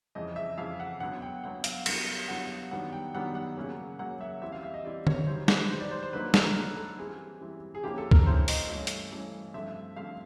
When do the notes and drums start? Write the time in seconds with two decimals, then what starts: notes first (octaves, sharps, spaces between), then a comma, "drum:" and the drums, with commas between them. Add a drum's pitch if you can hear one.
0.15 F2 C#3 E3 D#5
0.36 E5
0.58 F2 C#3 E3 F5
0.80 F#5
1.00 D3 F#3 B3 F#5
1.22 G5
1.44 D3 F#3 B3 F#5
1.64 F5, drum: hi-hat
1.86 F#2 D3 G3 B3 E4, drum: cymbal
2.28 F#2 D3 G3 B3 E4 F#5
2.71 F#2 D#3 G3 B3 D4 F#5
2.92 G5
3.14 F#2 D#3 G3 B3 D4 F#5
3.35 F#5
3.56 C#3 F#3 A#3 C#4
3.99 C#3 F#3 A#3 C#4 F#5
4.21 E5
4.42 E3 G3 C4 E4 E5
4.52 F5
4.63 E5
4.74 D#5
4.84 E3 G3 C4 E4 D5
5.07 C#5, drum: tom D3
5.27 F#2 D#3 G3 C5
5.48 B4, drum: snare
5.69 F#2 D#3 G3 C5
5.80 D5
5.91 C5
6.03 C5
6.13 D3 F#3 A#3 D#4 B4
6.34 A#4, drum: snare
6.55 D3 F#3 A#3 D#4 A4
6.77 A4
6.98 E3 G3 C4 E4 G#4
7.41 E3 G3 C4 E4
7.75 G#4
7.83 D3 F3 A#3 C#4 E4 G4
7.98 A4
8.11 A#4, drum: kick C#2
8.26 D3 F3 A#3 C#4 E4 C5
8.48 D#5, drum: open hi-hat
8.69 G2 E3 A3 C#4
8.87 drum: hi-hat
9.11 G2 E3 A3 C#4
9.54 G2 D3 F3 A3 C4 E5
9.96 G2 D3 F3 A3 C4 F5